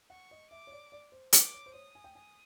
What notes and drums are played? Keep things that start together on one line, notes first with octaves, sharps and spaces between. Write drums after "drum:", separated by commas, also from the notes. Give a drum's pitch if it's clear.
F#5 C#6
D#5
E5 D6
C#5
D5
D5
C5
B4 D6, drum: hi-hat
C#5
C5
C#5 D#6
G#5
G5
G#5 D#6